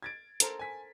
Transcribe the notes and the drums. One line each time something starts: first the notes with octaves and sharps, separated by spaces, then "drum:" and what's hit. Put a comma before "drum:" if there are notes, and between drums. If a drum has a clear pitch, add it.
G#6 A6 D7
A4 A#4 C5, drum: hi-hat
G#5 B6